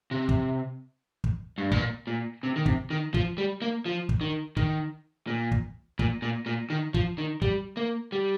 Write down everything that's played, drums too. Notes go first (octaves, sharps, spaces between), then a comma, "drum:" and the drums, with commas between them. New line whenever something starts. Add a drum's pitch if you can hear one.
C3
drum: kick
drum: kick
G2
A#2, drum: kick
A#2
C3
D#3
C3, drum: kick
D#3
F3, drum: kick
G3
A#3
F3
drum: kick
D#3
D#3, drum: kick
A#2
drum: kick
A#2, drum: kick
A#2
A#2
D#3
F3, drum: kick
D#3
G3, drum: kick
A#3
G3